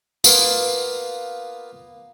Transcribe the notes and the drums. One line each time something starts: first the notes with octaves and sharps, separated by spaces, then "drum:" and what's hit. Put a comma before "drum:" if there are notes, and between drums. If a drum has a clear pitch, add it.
A#3 B3 F4, drum: tambourine